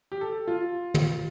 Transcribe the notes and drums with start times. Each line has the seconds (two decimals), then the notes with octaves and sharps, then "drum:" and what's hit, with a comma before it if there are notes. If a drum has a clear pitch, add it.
0.12 G4
0.21 A4
0.48 F4
0.94 drum: tom